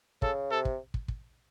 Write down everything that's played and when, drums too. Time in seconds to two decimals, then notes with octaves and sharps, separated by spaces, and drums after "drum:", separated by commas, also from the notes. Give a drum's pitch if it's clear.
0.22 C#3 A4, drum: kick
0.51 C3 A4
0.65 drum: kick
0.94 drum: kick
1.08 drum: kick